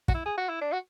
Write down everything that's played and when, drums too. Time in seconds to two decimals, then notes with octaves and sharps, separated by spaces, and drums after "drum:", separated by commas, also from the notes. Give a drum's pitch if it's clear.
0.08 F#4, drum: kick
0.14 E4
0.25 G#4
0.38 F#4
0.49 E4
0.61 D4
0.72 F#4